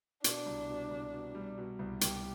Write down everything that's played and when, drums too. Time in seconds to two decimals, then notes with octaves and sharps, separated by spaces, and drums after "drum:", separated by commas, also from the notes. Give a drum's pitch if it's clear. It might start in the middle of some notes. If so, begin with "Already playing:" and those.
0.24 B2 D4, drum: hi-hat
0.46 C2
0.69 B2
0.91 C2
1.13 B2
1.35 G3
1.58 B2
1.79 C2
2.01 C2 G4, drum: hi-hat